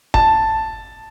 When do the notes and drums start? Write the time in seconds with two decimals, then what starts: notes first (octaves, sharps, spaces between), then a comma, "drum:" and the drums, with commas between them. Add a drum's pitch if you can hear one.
0.14 A5, drum: kick F#1